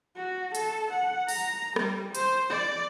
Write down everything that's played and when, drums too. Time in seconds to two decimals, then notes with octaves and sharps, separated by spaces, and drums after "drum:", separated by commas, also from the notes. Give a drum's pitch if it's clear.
0.16 F#4
0.55 A4, drum: hi-hat
0.91 F#5
1.29 A#5, drum: open hi-hat
1.76 G3, drum: rim click
2.15 C5, drum: hi-hat
2.50 D5